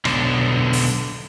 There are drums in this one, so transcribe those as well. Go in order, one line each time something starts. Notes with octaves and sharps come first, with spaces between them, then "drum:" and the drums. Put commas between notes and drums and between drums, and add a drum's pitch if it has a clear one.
B1 D3, drum: rim click
drum: open hi-hat